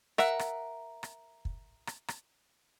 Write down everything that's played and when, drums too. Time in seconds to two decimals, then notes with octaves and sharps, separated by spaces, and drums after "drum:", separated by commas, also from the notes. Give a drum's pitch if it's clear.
0.18 A#4 E5 F#5, drum: rim click
0.39 drum: rim click
1.03 drum: rim click
1.45 drum: kick
1.87 drum: rim click
2.08 drum: rim click